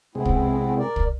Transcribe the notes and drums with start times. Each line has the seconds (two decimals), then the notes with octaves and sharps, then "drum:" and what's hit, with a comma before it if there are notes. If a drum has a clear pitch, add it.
0.15 C3 G#3 B3 C4 E4
0.25 drum: kick
0.78 A#4 D5
0.96 drum: kick